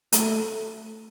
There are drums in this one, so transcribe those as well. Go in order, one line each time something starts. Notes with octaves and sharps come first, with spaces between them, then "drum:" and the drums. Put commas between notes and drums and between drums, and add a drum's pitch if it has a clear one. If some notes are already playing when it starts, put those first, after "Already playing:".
A3, drum: hi-hat